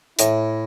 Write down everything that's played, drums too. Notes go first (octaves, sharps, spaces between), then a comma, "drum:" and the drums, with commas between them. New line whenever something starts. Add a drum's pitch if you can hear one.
A2 E4, drum: hi-hat